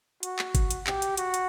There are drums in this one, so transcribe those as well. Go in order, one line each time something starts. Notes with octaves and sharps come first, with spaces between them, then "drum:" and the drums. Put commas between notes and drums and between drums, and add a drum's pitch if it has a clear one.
F#4, drum: hi-hat
drum: clap
drum: kick G1, hi-hat
drum: hi-hat
G4, drum: clap
drum: hi-hat
F#4, drum: hi-hat
drum: hi-hat